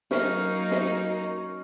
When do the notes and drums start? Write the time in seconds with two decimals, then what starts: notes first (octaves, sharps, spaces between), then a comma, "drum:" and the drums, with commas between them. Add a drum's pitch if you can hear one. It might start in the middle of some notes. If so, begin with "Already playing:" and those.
0.11 F#3 A#3 C#4 D#4, drum: snare
0.71 drum: snare